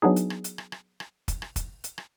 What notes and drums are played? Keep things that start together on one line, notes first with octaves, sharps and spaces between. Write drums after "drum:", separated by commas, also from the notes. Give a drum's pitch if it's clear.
F#3 B3 D4 D#4 G#4
drum: hi-hat
drum: rim click
drum: hi-hat
drum: rim click
drum: rim click
drum: rim click
drum: kick, hi-hat
drum: rim click
drum: kick, hi-hat
drum: hi-hat
drum: rim click